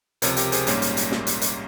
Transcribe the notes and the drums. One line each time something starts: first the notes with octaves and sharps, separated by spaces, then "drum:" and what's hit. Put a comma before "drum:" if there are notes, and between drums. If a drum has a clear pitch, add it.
C#2 C3 F3 A#4 C#5, drum: hi-hat
G4 A#4, drum: hi-hat
G#4 C5, drum: hi-hat
A#1 G#2 G3 A#3 C#4 A#4 C#5, drum: hi-hat
drum: hi-hat
drum: hi-hat
drum: snare
drum: hi-hat
drum: hi-hat